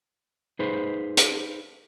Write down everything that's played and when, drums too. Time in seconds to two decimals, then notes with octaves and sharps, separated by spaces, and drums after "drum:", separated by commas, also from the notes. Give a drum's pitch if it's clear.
0.59 D#4 G#4 B4 C5
1.17 drum: hi-hat